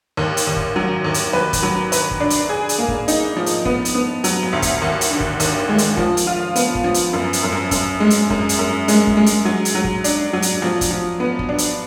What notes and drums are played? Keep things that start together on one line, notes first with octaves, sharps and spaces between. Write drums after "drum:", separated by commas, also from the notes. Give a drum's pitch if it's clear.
D#2
drum: hi-hat
D#2
drum: kick
F#3
D#2
drum: hi-hat
B4, drum: snare B3
drum: kick, hi-hat
F#3
B4, drum: hi-hat
drum: kick
D4
drum: hi-hat
G#4
drum: hi-hat
A#3
drum: kick
D#4, drum: hi-hat
F3
drum: hi-hat
B3, drum: kick
drum: hi-hat
B3
F#3, drum: hi-hat
drum: snare B3
D2
drum: kick, hi-hat
D#2
drum: hi-hat
D3
drum: kick
D#2, drum: hi-hat
G#3
drum: hi-hat
F3, drum: kick
drum: hi-hat
F4
B3, drum: hi-hat
drum: kick
F3
drum: hi-hat
F#2
drum: hi-hat
F#2
drum: snare B3
F#2, drum: kick, hi-hat
G#3
drum: hi-hat
F#2, drum: kick
drum: hi-hat
F#2
G#3, drum: hi-hat
drum: kick
G#3
drum: hi-hat
F#3
drum: hi-hat
F#3
drum: kick
D4, drum: hi-hat
F#3
drum: hi-hat
F3, drum: snare B3
drum: kick, hi-hat
F3
B3
drum: kick
D4
drum: hi-hat